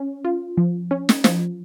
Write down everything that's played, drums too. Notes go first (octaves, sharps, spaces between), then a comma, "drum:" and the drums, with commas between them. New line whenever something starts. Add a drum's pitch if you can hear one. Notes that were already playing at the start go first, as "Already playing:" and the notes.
Already playing: C#4
F4
F3
C#4
drum: snare
F3, drum: snare